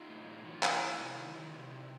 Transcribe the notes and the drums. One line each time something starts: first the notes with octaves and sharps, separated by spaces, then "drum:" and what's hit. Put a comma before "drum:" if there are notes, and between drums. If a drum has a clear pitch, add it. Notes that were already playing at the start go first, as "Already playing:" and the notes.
Already playing: D#4 F4
A2
A2
E3 F#4
F4
E3 E4 F#4, drum: clap
A2
C3
D#3
D#3
C3
C3